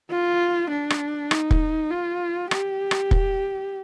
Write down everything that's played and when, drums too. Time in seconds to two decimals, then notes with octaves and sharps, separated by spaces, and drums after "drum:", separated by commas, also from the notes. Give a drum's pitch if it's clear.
0.10 F4
0.70 D4
0.90 drum: rim click
1.31 D#4, drum: rim click
1.51 drum: kick
1.91 F4
2.51 G4, drum: rim click
2.91 drum: rim click
3.11 drum: kick